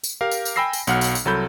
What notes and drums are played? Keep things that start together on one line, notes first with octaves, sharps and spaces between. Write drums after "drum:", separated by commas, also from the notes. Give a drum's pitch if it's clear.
drum: tambourine
G4 A#4 F5
drum: tambourine
drum: tambourine
G5 G#5 B5 E6 A#6 C7
drum: tambourine
B1 F#3 F#5 F6, drum: tambourine
drum: tambourine
drum: tambourine
C2 F#3 A4 B5 G6